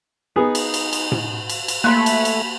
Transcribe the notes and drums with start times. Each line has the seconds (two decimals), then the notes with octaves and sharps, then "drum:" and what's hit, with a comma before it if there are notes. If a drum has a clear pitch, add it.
0.36 B3 D#4 G#4
0.55 drum: cymbal
0.74 drum: cymbal
0.93 drum: cymbal
1.12 drum: tom A2
1.49 drum: cymbal
1.68 drum: cymbal
1.84 A3 A#3 G#5 B5 C6 F#6
2.06 drum: cymbal
2.25 drum: cymbal